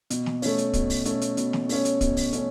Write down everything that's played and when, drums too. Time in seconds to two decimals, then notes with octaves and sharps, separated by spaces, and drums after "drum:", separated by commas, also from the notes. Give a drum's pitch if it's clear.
0.10 B2, drum: hi-hat
0.26 drum: snare
0.42 A3 C#4, drum: open hi-hat
0.58 drum: hi-hat
0.73 B2, drum: kick, hi-hat
0.90 drum: open hi-hat
1.05 A3 C#4, drum: hi-hat
1.21 drum: hi-hat
1.37 B2, drum: hi-hat
1.53 drum: snare
1.69 A3 C#4, drum: open hi-hat
1.85 drum: hi-hat
2.01 B2, drum: kick, hi-hat
2.17 drum: open hi-hat
2.33 A3 C#4, drum: hi-hat